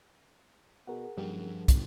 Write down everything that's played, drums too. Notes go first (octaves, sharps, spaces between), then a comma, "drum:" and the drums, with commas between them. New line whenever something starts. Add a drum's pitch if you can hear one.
B2 G#4 A#4 F#5
F#1 G2 F3 G5
G#1, drum: kick, hi-hat